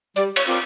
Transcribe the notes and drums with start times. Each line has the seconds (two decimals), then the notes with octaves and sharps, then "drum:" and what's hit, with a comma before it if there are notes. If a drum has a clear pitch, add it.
0.16 G3 D5
0.36 C#5, drum: cymbal
0.46 C4 F4 A#4 D5